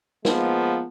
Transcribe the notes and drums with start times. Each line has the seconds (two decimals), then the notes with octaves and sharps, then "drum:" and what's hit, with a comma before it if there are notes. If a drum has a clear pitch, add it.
0.25 F3 G#3 A#3 B3, drum: snare